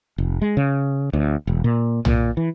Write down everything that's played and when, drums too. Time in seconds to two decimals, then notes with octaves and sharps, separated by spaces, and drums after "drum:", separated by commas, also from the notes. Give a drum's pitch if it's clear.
0.18 F1
0.41 G#3
0.57 C#3
1.13 D2
1.47 E1
1.64 A#2
2.05 A#2, drum: tom
2.37 E3